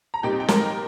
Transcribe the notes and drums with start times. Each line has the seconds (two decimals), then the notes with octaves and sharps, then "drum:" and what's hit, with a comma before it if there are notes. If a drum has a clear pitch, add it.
0.14 A#5
0.23 A#2 G3 C4 D#4 G4 G5
0.40 G5
0.48 A#4 A#5, drum: snare